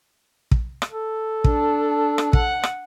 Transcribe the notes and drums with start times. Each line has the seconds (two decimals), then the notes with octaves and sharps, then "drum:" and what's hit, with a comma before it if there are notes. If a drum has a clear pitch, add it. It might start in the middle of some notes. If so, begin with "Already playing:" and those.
0.51 drum: kick
0.82 drum: rim click
0.91 A4
1.44 D4, drum: kick
2.18 drum: rim click
2.33 F#5, drum: kick
2.63 drum: rim click